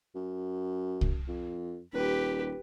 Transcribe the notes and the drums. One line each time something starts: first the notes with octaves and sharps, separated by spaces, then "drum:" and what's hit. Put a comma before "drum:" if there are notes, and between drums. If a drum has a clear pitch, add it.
F#2
drum: kick C2
F2
D#1 G4 B4